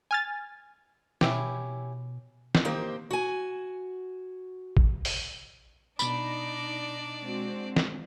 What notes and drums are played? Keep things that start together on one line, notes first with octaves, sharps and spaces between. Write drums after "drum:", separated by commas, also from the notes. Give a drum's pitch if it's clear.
G#5 F6 A6
B2 C#4 E4 G4, drum: snare
drum: snare
D#3 A#3 G4 C5
F#4 G#5
drum: kick A1
drum: open hi-hat
B2 D4 D#4 D5 B5, drum: tambourine
G#3 C4 F#4
drum: snare